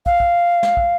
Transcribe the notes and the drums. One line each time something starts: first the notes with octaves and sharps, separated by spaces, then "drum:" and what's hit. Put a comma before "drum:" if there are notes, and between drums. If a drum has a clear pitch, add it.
F5, drum: kick
drum: kick
drum: snare
drum: kick